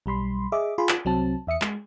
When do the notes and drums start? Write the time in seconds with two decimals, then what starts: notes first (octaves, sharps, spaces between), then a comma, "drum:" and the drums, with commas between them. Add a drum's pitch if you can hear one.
0.06 B1 G3 B5 C6
0.52 G#4 D#5 E5 D6
0.78 F4 G#4 B5 C6
0.89 drum: clap
1.05 C2 F#3 C4 A5
1.47 E2 E5 D#6 C#7
1.62 G#3, drum: clap